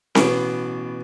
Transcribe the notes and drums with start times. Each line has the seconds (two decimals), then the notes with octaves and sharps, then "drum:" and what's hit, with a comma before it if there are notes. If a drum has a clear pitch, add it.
0.15 A1 B2, drum: snare C4